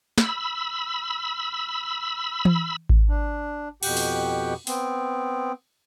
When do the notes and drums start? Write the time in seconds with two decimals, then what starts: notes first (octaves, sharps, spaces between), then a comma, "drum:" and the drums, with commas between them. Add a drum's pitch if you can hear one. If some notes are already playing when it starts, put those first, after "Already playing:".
0.18 B5 E6, drum: snare
2.45 drum: tom E3
2.89 drum: kick G#1
3.09 D4
3.83 F2 B2 G4 F#5 G5, drum: cymbal
3.97 drum: open hi-hat
4.67 B3 C4, drum: open hi-hat